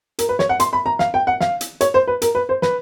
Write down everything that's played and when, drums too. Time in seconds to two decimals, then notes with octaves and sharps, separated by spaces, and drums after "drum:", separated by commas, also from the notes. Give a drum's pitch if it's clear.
0.19 A#4, drum: hi-hat
0.29 B4
0.39 C#5, drum: snare
0.49 F#5
0.60 C6, drum: hi-hat
0.73 B5
0.86 A#5
0.99 F5, drum: snare
1.14 G5
1.27 F#5
1.41 F5, drum: snare
1.61 drum: hi-hat
1.81 C#5, drum: hi-hat
1.94 C5
2.07 B4
2.22 A#4, drum: hi-hat
2.35 B4
2.49 C5
2.62 B4, drum: snare